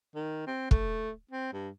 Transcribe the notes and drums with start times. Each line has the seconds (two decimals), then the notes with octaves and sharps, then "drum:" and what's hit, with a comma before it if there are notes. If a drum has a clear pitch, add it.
0.15 D#3
0.47 C4
0.71 A3, drum: kick
1.31 C4
1.53 G2